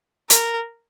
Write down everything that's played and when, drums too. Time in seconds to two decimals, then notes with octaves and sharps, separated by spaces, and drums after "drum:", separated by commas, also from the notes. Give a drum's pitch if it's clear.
0.30 A#4, drum: hi-hat